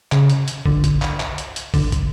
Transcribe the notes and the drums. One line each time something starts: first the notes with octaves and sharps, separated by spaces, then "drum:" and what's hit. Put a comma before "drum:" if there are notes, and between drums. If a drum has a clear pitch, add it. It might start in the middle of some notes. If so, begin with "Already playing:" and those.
C#3, drum: clap
drum: hi-hat
drum: hi-hat
D3, drum: kick
drum: kick, hi-hat
drum: clap
drum: clap
drum: hi-hat
drum: hi-hat
D3, drum: kick, open hi-hat
drum: kick, hi-hat